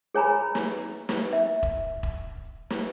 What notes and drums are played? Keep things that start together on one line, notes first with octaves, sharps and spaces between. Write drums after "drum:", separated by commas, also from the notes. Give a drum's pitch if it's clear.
G#4 C#5 G#5 A#5 B5
drum: snare
drum: snare
E5
drum: kick E1
drum: kick E1
drum: snare